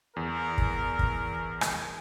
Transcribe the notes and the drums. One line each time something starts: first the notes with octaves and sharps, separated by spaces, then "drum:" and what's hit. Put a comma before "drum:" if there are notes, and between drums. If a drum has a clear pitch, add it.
E2 A#4
drum: kick
drum: kick
drum: rim click